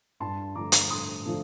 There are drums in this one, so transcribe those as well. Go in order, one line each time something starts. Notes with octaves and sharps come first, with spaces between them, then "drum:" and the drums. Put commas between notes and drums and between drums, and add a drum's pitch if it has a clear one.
G2 A5 C6
D3 F3 A3 A#5 D6
drum: hi-hat
G2 C6 D#6
D3 F3 A3